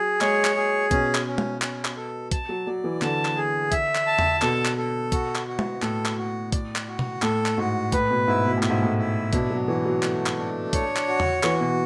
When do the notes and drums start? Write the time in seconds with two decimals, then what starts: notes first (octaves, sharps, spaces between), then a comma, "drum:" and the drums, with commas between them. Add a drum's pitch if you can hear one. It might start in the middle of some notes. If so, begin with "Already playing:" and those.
Already playing: F#3 G#4
0.21 G#3 C#5, drum: clap
0.45 drum: clap
0.56 G#4
0.91 B2 C#4, drum: kick, hi-hat
1.15 drum: clap
1.27 C#4
1.38 drum: tom G#3
1.62 C#4, drum: clap
1.85 drum: clap
1.96 A4
2.31 A5, drum: kick, hi-hat
2.49 F#3
2.67 F#3 D5
2.84 E3
3.02 D3 A5, drum: clap
3.25 drum: clap
3.36 G#4
3.72 E5, drum: kick, hi-hat
3.95 drum: clap
4.06 A5
4.19 drum: tom E2
4.42 B2 A4, drum: clap
4.65 drum: clap
4.77 A4
5.12 F#4, drum: kick, hi-hat
5.35 drum: clap
5.47 F#4
5.59 drum: tom G#3
5.82 A2 A4, drum: clap
6.06 drum: clap
6.17 F#4
6.52 D5, drum: kick, hi-hat
6.76 drum: clap
6.87 F#4
6.99 drum: tom
7.22 A2 A4, drum: clap
7.46 drum: clap
7.57 G#2 F#4
7.92 A2 B4, drum: kick, hi-hat
8.10 B2
8.27 G#2 E4
8.45 B2
8.57 A2
8.63 E4, drum: clap
8.70 G#2
8.82 A2
8.98 E4
9.33 B2 D4, drum: kick, hi-hat
9.51 F#3
9.68 E3 F#4
9.85 F#3
10.03 A3, drum: clap
10.26 drum: clap
10.38 D4
10.73 C#5, drum: kick, hi-hat
10.96 drum: clap
11.08 F#4
11.20 drum: tom E2
11.43 E3 F#4, drum: clap
11.61 B2